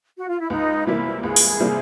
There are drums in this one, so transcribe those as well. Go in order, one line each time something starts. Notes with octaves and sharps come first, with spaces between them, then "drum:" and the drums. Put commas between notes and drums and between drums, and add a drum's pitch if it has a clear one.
F#4
F4
E4
C#2 D#4
C3 E3 G3 A#3 E4
C#2 G#4
drum: open hi-hat
C3 E3 G3 A#3